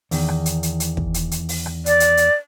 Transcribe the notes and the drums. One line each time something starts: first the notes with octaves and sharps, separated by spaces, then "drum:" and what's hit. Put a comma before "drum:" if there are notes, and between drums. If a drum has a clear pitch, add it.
E2 D#3, drum: open hi-hat
drum: rim click
drum: hi-hat
drum: hi-hat
drum: hi-hat
drum: kick
drum: hi-hat
drum: hi-hat
drum: open hi-hat
drum: rim click
D5, drum: hi-hat
drum: hi-hat
drum: hi-hat